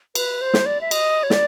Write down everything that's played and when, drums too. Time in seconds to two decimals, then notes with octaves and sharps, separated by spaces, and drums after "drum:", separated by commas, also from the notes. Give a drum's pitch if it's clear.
0.15 B4, drum: cymbal
0.41 C5
0.54 drum: snare
0.66 D5
0.81 E5
0.91 D#5, drum: cymbal
1.23 C#5
1.30 D5, drum: snare